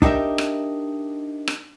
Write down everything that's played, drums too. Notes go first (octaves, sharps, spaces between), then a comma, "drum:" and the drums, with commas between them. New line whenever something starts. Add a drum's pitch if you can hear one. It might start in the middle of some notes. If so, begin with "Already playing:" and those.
D4 D#4 G4 A#4 E5, drum: kick
drum: rim click
drum: rim click